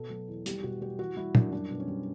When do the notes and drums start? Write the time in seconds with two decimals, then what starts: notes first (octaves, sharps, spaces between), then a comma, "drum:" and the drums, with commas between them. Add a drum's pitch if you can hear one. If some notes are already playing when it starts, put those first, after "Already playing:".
Already playing: B2 A4
0.10 F#3
0.28 E2
0.46 G3 G4, drum: hi-hat
0.63 B2 F#4
0.81 G3 G4
0.99 E3 F#4
1.17 G3 E4
1.35 F#2 D4, drum: tom
1.53 G3 D4
1.71 B2
1.80 C#4
1.88 G3